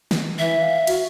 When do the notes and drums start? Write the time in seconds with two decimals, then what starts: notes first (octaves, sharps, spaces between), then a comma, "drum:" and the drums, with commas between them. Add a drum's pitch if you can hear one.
0.11 drum: snare
0.39 E3 E5
0.60 F5
0.87 F#4, drum: cymbal